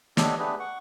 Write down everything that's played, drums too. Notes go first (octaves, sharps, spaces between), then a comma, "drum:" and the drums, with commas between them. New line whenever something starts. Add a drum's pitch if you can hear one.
B3 D4 G4 A4 C#5 D#5, drum: snare
A3 B3 D4 G4 G#4 B4
F#5 C#6